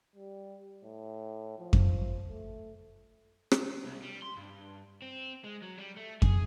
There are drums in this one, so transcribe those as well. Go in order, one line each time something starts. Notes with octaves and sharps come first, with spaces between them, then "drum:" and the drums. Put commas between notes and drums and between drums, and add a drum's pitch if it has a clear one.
G3
A2
F3
drum: kick F2
A3
drum: rim click
C2
G3
C6
G2
C4
G#3
F#3
G3
A3
G#4, drum: kick F2